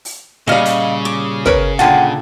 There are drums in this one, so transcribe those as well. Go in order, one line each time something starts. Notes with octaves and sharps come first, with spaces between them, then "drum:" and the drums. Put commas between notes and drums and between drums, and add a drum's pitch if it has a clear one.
drum: open hi-hat
A#2 C#3 G3 D#5 F5
drum: hi-hat
D6
A#4 B4 C#5, drum: kick
A#2 D3 F4 G#4 F#5 G5 A5